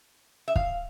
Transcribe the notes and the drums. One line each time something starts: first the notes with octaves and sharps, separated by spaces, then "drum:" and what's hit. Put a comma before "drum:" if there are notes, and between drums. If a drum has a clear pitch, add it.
E5
F5, drum: kick